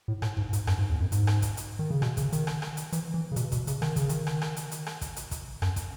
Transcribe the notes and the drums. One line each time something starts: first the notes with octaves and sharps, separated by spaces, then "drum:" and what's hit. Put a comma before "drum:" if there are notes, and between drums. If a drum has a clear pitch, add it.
A2
A2, drum: rim click
G#2, drum: kick
G#2, drum: hi-hat
F#2, drum: rim click
G#2
E2
F#2
G#2, drum: hi-hat
drum: rim click
drum: kick, hi-hat
drum: hi-hat
D#3
C#3
B2, drum: rim click
C#3, drum: kick, hi-hat
D#3, drum: hi-hat
drum: rim click
drum: rim click
drum: hi-hat
E3, drum: hi-hat
E3
C#3
B2, drum: hi-hat
B2, drum: kick, hi-hat
C#3, drum: hi-hat
D#3, drum: rim click
C#3, drum: kick, hi-hat
D#3, drum: hi-hat
drum: rim click
drum: rim click
drum: hi-hat
drum: hi-hat
drum: rim click
drum: kick, hi-hat
drum: hi-hat
drum: kick, hi-hat
F#2, drum: rim click
drum: kick, hi-hat